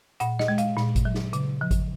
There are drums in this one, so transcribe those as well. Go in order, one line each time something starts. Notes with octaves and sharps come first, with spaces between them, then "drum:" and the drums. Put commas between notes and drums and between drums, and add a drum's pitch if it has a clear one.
A#2 F#5, drum: hi-hat
D#5, drum: snare
G#3
F5, drum: hi-hat
A#2, drum: snare
drum: kick G#1, hi-hat
F#3
drum: snare
C#3, drum: hi-hat
F3
drum: kick G#1, hi-hat